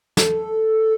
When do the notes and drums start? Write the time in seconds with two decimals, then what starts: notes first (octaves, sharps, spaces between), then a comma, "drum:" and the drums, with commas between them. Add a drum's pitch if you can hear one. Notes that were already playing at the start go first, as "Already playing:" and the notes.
0.17 A4, drum: snare